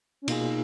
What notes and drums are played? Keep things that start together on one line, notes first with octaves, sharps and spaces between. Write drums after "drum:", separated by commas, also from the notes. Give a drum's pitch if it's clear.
C#4
B2 A#3 D#4 F4 G#4, drum: cymbal